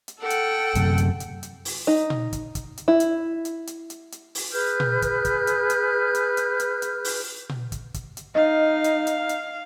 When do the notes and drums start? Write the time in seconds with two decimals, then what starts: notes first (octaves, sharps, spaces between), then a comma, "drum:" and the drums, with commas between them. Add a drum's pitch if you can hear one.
0.08 drum: hi-hat
0.20 A4 F#5 G5
0.30 drum: hi-hat
0.75 F#2 C3, drum: hi-hat
0.98 drum: hi-hat
1.20 drum: hi-hat
1.43 drum: hi-hat
1.65 drum: open hi-hat
1.87 D#4
2.10 drum: tom A#2
2.33 drum: kick, hi-hat
2.55 drum: kick, hi-hat
2.78 drum: hi-hat
2.88 E4
3.00 drum: hi-hat
3.45 drum: hi-hat
3.67 drum: hi-hat
3.90 drum: hi-hat
4.12 drum: hi-hat
4.35 drum: open hi-hat
4.52 G#4 B4 F6 G6
4.80 drum: tom A#2
5.02 drum: kick, hi-hat
5.25 drum: kick, hi-hat
5.47 drum: hi-hat
5.70 drum: hi-hat
6.15 drum: hi-hat
6.37 drum: hi-hat
6.60 drum: hi-hat
6.82 drum: hi-hat
7.04 drum: open hi-hat
7.49 drum: tom A#2
7.72 drum: kick, hi-hat
7.94 drum: kick, hi-hat
8.17 drum: hi-hat
8.35 D#4 D#5 F5
8.84 drum: hi-hat
9.07 drum: hi-hat
9.29 drum: hi-hat